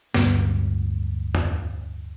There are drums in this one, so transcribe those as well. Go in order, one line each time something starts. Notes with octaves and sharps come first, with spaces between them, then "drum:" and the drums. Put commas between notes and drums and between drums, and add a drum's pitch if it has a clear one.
D1 D2 G2 G3, drum: snare
drum: tom E2